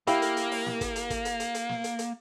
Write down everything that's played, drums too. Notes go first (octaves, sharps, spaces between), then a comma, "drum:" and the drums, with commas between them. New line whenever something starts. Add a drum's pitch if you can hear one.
A#3 E4 G4 F5, drum: hi-hat
drum: hi-hat
drum: hi-hat
drum: open hi-hat
drum: snare
drum: kick, hi-hat
drum: hi-hat
drum: kick, hi-hat
drum: hi-hat
drum: hi-hat
drum: hi-hat
drum: snare
drum: hi-hat
drum: hi-hat